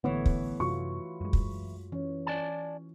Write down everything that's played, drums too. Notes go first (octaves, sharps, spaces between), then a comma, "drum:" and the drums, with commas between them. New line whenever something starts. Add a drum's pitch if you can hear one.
A1 D3 E3 A3 B3 C#5
drum: kick
F#2 C3 F4 F#4 C#6
F#2 G#3
drum: kick
E3 C#4
D5 G#5 A5